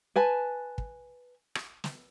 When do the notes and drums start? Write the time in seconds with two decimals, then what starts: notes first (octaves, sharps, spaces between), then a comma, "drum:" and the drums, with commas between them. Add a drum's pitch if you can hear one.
0.16 B4 G#5 A5
0.78 drum: kick
1.55 drum: rim click
1.84 drum: snare